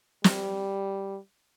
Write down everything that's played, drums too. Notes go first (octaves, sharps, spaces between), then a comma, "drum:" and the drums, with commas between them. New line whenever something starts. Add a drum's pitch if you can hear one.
G3, drum: snare